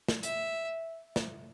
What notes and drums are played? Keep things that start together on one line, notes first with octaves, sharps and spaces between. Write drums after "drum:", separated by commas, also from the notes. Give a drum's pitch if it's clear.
drum: snare
E5, drum: hi-hat
drum: snare